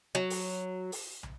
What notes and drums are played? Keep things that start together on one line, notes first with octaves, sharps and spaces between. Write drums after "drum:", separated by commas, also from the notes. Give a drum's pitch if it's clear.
F#3
drum: open hi-hat
drum: open hi-hat
drum: tom